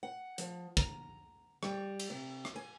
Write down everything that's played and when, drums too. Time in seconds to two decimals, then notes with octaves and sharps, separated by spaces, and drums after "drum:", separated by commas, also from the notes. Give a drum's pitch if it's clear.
0.03 F#5
0.38 F3, drum: hi-hat
0.77 A#5, drum: kick
1.63 G3, drum: rim click
2.00 drum: cymbal
2.10 C3
2.45 drum: rim click
2.56 G#5